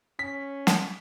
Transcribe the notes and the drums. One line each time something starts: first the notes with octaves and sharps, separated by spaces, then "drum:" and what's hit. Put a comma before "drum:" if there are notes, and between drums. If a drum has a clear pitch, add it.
C#4 B6
drum: snare